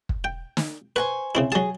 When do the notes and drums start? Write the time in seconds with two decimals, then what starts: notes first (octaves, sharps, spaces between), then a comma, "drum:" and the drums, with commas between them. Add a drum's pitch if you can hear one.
0.09 drum: kick
0.24 G5
0.57 drum: snare
0.96 B4 C5 G#5 C#6
1.35 C#3 C4 E4
1.52 F#3 G#4 A5